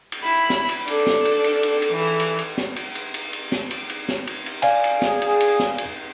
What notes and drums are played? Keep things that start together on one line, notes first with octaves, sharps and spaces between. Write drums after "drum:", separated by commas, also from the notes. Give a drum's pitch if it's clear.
drum: cymbal
E4 B5
drum: snare
drum: cymbal
D4 A4, drum: cymbal
drum: snare
drum: cymbal
drum: cymbal
drum: cymbal
drum: cymbal
E3 A4
drum: cymbal
drum: cymbal
drum: snare
drum: cymbal
drum: cymbal
drum: cymbal
drum: cymbal
drum: snare
drum: cymbal
drum: cymbal
drum: snare
drum: cymbal
drum: cymbal
D5 F5 G#5, drum: cymbal
drum: cymbal
G#4, drum: snare
drum: cymbal
drum: cymbal
drum: snare
drum: cymbal